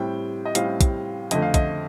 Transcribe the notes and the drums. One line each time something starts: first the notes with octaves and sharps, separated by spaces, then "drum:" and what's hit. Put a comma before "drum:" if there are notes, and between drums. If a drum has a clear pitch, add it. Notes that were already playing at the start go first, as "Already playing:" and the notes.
Already playing: A2 G3 C4 G5
D#5
A2 G3 C4 F5, drum: hi-hat
drum: kick, hi-hat
F2 D3 A3 D#5, drum: hi-hat
F5
D#5, drum: kick, hi-hat